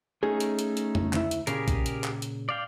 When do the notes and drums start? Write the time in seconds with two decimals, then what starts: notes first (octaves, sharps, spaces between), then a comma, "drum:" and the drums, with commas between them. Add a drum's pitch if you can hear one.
0.23 A3 C#4 D#4 G#4
0.40 drum: hi-hat
0.59 drum: hi-hat
0.77 drum: hi-hat
0.95 drum: tom
1.13 D2 E4, drum: clap
1.31 drum: hi-hat
1.47 A#2 C#3 G4 G#4 A#4, drum: hi-hat
1.68 drum: kick, hi-hat
1.86 drum: hi-hat
2.04 drum: clap
2.22 drum: hi-hat
2.49 D5 F5 G5